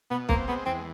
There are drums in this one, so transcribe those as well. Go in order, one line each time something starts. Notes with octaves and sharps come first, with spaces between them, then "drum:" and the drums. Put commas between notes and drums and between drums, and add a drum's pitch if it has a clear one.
B2 B3
A#3 C4, drum: kick B1
G#3 B3
E2 C4